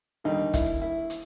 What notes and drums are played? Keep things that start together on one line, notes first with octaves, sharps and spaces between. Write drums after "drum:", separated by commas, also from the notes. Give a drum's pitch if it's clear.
D#2 D3 G3 D#4
E4, drum: kick, hi-hat
E4
drum: hi-hat